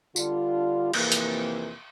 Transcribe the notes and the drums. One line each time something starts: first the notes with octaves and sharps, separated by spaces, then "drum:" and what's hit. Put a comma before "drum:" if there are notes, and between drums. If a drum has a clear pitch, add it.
D3 G3 D4 F4, drum: tambourine
F2 C3 E3 A#3, drum: cymbal
drum: hi-hat